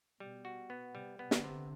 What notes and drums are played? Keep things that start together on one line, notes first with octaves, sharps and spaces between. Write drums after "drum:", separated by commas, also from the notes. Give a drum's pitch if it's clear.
B2 G3
F#4
B3
C3 G3
B3
D3, drum: snare
C3